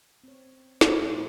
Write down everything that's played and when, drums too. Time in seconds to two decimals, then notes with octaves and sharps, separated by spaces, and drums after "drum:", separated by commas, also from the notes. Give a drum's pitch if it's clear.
0.24 C4 C#5
0.81 A#2 B4 D5 F5, drum: snare
1.08 F3 A3 C6